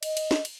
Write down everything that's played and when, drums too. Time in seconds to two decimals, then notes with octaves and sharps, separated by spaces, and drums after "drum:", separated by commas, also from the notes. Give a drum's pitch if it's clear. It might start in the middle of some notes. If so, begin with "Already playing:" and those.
0.03 D#5, drum: cymbal
0.17 drum: cymbal
0.31 drum: snare
0.45 drum: cymbal